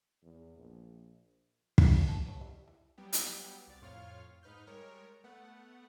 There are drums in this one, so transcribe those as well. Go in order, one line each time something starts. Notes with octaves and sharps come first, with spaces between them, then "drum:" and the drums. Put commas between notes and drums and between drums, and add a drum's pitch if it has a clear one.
E2
A#1
A4 D5, drum: kick
F3 A#3 B3
A5
B4 C#5
G3 E4
E3
F#3 G3 B3 G4
drum: hi-hat
C2 D5 A6
F2 A2 F4 C#5 F5 F6
G#2 D#4 B4 F6 G6
G3 G#3 A#4 C#5
A3 B3 F#5